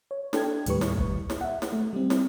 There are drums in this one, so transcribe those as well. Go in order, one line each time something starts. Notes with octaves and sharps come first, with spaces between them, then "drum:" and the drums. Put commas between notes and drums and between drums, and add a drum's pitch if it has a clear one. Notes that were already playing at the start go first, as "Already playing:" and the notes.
C#5
D4 A4 G5 G#6, drum: snare
D#2 A2 G3 B4 C#6, drum: hi-hat
drum: snare
drum: kick
drum: snare
E5 F#5
drum: snare
A3
G3 C4
drum: snare